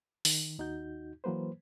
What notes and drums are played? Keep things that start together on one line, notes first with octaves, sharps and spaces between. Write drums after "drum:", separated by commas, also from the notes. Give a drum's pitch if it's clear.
D#3, drum: open hi-hat
D#2 D#4 F#4 G6
E3 F#3 A#3 B4 C5